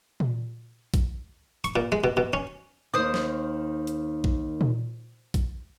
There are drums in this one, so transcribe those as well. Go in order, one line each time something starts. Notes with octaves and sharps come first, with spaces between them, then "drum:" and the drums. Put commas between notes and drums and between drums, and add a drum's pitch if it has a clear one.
drum: tom A#2
drum: kick A#1, hi-hat
C#6, drum: hi-hat
A#2
G#3
B2
B2
C#4
D#2 D#3 C5 D#6
drum: snare
drum: hi-hat
drum: kick A#1
drum: tom A#2
drum: kick A#1, hi-hat